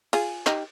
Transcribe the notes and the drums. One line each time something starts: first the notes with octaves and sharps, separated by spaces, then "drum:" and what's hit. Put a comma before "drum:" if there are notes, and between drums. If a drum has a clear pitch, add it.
F4 G#4, drum: cymbal
D#4 G4, drum: clap